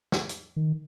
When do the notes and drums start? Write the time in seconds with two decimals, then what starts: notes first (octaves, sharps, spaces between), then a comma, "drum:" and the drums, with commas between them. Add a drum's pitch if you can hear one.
0.12 drum: snare
0.29 drum: hi-hat
0.56 D#3